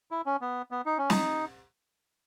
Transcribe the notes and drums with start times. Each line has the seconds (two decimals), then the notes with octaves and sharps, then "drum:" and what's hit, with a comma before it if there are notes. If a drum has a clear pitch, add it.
0.11 E4
0.26 C#4
0.41 B3
0.71 B3
0.86 D#4
0.98 C#4
1.10 D#4, drum: snare